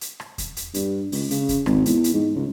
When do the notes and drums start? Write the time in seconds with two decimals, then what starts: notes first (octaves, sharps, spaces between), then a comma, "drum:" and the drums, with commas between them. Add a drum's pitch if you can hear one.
0.01 drum: hi-hat
0.20 drum: rim click
0.38 drum: kick E2, hi-hat
0.57 drum: hi-hat
0.74 G2, drum: hi-hat
1.12 C#2, drum: open hi-hat
1.31 C#3, drum: hi-hat
1.49 drum: kick E2, hi-hat
1.66 G#1, drum: rim click
1.86 E2, drum: hi-hat
2.04 drum: hi-hat
2.14 G#2
2.35 C#2